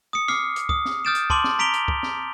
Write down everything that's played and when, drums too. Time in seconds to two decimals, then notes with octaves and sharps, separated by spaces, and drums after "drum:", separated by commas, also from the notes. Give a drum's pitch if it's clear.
0.13 D#6 C#7
0.28 D6 F6 C7, drum: snare
0.56 drum: hi-hat
0.69 D#6, drum: kick
0.85 drum: snare
1.05 D#6 F6 G6 A6 D7 E7
1.15 drum: hi-hat
1.30 A5 C6 D6 F#7, drum: kick
1.44 drum: snare
1.59 A#5 B6 D7 F7 G7
1.74 drum: hi-hat
1.88 drum: kick
2.03 drum: snare